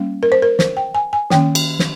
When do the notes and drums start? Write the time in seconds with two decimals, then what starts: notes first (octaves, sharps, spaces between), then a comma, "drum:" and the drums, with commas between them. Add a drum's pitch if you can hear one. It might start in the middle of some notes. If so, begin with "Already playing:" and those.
Already playing: G3 A#3 C#4
0.23 A#4
0.32 C5
0.42 A#4
0.59 C5, drum: snare
0.77 G5
0.95 G#5
1.13 G#5
1.30 D#3 A#3 C#4 G5, drum: snare
1.55 drum: cymbal
1.79 drum: snare